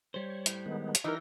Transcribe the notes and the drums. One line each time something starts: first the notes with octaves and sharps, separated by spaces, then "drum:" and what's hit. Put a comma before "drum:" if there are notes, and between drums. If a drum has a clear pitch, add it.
G3 C5 C#5
A2, drum: hi-hat
D#3 G#3 B3
drum: hi-hat
E3 G3 D#4 A#4 A#6